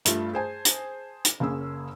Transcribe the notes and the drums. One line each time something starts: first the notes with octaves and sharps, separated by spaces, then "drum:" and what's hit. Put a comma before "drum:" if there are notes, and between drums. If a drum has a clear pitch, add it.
G2 A3 F4, drum: hi-hat
G#4 C5 G#5 A5
drum: hi-hat
drum: hi-hat
F#1 C#3 A#3 C#4 G#4 E6